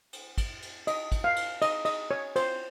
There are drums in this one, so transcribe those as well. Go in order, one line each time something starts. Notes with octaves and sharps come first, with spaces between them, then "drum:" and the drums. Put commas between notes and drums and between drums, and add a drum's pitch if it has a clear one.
drum: cymbal
drum: kick, cymbal
drum: cymbal
D#5, drum: cymbal
drum: kick, cymbal
F5
drum: cymbal
D#5, drum: cymbal
D#5, drum: cymbal
C#5
C5, drum: cymbal